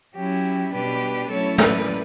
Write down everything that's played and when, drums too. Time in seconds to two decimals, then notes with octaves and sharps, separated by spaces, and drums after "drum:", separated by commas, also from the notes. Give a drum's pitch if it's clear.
0.14 F#3 C#4 E4 G4
0.72 B2 G3 D4 G4 B4
1.30 F#3 A3 C#4 E4 A4 C#5
1.58 B4 D5, drum: snare